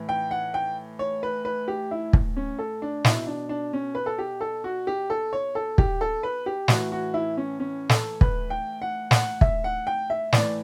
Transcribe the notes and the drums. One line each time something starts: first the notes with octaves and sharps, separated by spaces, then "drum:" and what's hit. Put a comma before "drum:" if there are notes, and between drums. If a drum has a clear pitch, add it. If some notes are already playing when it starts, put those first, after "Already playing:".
Already playing: A2 E3
G5
F#5
G5
C#5
B4
B4
G4
E4
drum: kick
C#4
A4
D4
B2 E4, drum: snare
D4
D4
C#4
B4
A4
G4
A4
F#4
G4
A4
C#5
A4
G4, drum: kick
A4
B4
G4
A2 E3 F#4, drum: snare
F#4
E4
C#4
C#4
A4, drum: snare
B4, drum: kick
G5
F#5
F#5, drum: snare
E5, drum: kick
F#5
G5
E5
A2 E3 D5, drum: snare